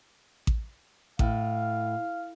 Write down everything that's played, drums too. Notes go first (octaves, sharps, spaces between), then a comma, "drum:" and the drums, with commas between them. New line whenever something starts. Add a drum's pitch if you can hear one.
drum: kick A1
A2 F5, drum: kick A1